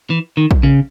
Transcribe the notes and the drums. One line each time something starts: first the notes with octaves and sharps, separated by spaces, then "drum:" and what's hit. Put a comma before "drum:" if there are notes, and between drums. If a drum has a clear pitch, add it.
E3
D#3
drum: kick A#1
C#3